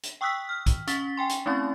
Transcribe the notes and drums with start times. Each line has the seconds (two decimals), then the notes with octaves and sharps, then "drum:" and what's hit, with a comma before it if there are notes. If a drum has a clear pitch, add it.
0.03 drum: hi-hat
0.21 G5 C#6 D#6 E6 F#6 B6
0.49 F6
0.66 drum: kick, hi-hat
0.87 C#4 C#6 A6 B6 G7, drum: hi-hat
1.17 G5 G#5 C6
1.29 drum: hi-hat
1.46 A3 C4 C#4 E4 C#6 A6